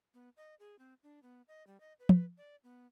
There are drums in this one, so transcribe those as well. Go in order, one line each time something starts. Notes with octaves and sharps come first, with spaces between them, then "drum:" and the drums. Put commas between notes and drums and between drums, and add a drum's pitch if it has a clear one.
B3
D#5
G#4
C4
D4
B3
D#5
G3
D#5
B4
drum: tom
D5
B3